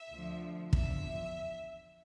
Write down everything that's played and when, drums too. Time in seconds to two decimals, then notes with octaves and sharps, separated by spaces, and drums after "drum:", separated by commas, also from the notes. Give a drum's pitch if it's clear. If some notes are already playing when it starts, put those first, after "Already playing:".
Already playing: E5
0.14 D2 D3 F3
0.73 E2 D3 F3 E5, drum: kick